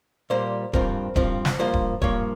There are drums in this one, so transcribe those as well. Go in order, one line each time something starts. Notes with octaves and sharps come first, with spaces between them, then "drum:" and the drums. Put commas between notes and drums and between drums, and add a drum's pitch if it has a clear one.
A#2 G3 A#3 C5
G2 F3 C4 A#4, drum: kick D#1
G2 F3 C4, drum: kick D#1
drum: snare
G2 F3 A#3 C5
drum: kick D#1
G2 F3 A#3 C#5, drum: kick D#1